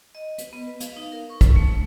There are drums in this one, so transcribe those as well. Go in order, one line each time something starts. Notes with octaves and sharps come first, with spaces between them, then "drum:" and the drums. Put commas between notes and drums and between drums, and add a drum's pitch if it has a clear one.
D#5
B4, drum: hi-hat
B3
B4
F5, drum: hi-hat
D#4
A#4
C#6
drum: kick, hi-hat
A3